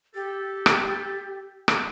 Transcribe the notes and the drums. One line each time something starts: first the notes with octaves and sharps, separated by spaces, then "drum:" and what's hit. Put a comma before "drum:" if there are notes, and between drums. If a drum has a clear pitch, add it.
G4 A4
drum: rim click
drum: rim click